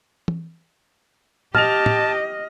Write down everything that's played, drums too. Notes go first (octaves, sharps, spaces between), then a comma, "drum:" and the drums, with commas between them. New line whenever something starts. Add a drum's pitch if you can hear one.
drum: tom
G4 D#5 A5 F6 F7, drum: tom A#2
drum: tom